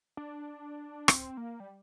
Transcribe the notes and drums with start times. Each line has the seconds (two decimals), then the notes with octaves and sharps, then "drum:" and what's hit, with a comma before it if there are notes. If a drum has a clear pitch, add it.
0.17 D4
1.08 C4, drum: rim click
1.37 A#3
1.60 G3